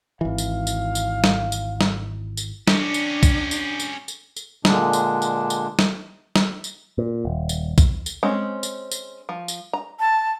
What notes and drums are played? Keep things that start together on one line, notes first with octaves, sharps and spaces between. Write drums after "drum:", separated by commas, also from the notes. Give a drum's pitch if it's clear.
G#1 E3 F5
drum: tambourine
drum: tambourine
drum: tambourine
drum: snare
drum: tambourine
drum: snare
drum: tambourine
C#4 D4 G4, drum: snare
drum: tambourine
drum: kick A#1, tambourine
drum: tambourine
drum: tambourine
drum: tambourine
drum: tambourine
A#2 D3 G#3 D4, drum: snare
drum: tambourine
drum: tambourine
drum: tambourine
drum: snare
drum: snare
drum: tambourine
A#2
D#1
drum: tambourine
drum: kick A#1, tambourine
drum: tambourine
G#3 C4 C#4
drum: tambourine
drum: tambourine
F3
drum: tambourine
A#5
A5